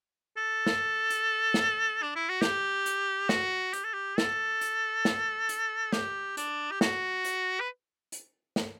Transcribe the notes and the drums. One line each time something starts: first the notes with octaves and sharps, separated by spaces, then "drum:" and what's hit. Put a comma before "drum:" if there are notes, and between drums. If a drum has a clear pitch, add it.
A4
drum: snare
drum: hi-hat
drum: snare
D4
E4
F#4
G4, drum: snare
drum: hi-hat
F#4, drum: snare
G4, drum: hi-hat
A4
G4
A4, drum: snare
drum: hi-hat
drum: snare
drum: hi-hat
G4, drum: snare
D4, drum: hi-hat
G4
F#4, drum: snare
drum: hi-hat
B4
drum: hi-hat
drum: snare